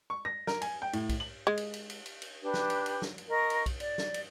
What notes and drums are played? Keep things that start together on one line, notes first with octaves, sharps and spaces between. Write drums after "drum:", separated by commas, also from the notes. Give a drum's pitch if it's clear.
C#6
A#6
A#4, drum: snare
G#5, drum: cymbal
G5
A2, drum: cymbal
drum: kick B1, cymbal
F#7
G#3
drum: cymbal
drum: cymbal
drum: cymbal
drum: cymbal
drum: cymbal
D4 G4 B4
drum: snare
drum: cymbal
drum: cymbal
drum: snare
drum: cymbal
A#4 D#5 C#6
drum: cymbal
drum: kick B1, cymbal
D5, drum: cymbal
drum: snare
drum: cymbal